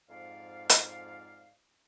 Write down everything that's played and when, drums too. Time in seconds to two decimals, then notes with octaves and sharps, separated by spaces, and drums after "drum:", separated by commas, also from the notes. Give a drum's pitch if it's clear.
0.09 F2 G#2 D5 F5
0.70 drum: hi-hat